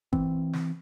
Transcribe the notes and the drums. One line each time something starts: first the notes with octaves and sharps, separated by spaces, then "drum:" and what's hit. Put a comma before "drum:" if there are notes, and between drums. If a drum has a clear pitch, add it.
E3 C4, drum: kick
drum: snare